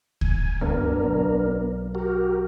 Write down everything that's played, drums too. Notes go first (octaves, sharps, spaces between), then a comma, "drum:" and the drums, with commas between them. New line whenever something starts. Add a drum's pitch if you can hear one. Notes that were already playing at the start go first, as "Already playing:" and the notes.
G#5, drum: kick C#2
F#1 D2 G2 B3 D4 A#4
B1
F#4 G4 A#4